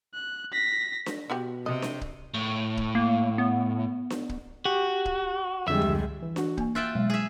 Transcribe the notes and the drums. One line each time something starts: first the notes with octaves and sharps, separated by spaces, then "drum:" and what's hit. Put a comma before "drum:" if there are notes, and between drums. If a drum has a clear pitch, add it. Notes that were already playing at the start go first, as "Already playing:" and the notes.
F#6
A#6 B6
drum: snare D4
B2 B3 F#4 G4
C3 D#5
drum: snare D4
drum: kick
A2
drum: kick
A#3
B3
drum: snare D4
drum: kick
F#4 G4
drum: kick
F2 D3 G3 G#3 G4 E5
drum: tom C#2
E3
D4 F#4, drum: snare D4
A#3 G#5, drum: kick
F4 E5 G5 E6 F#6 A6
B2 F#3 G#3
G#4 E5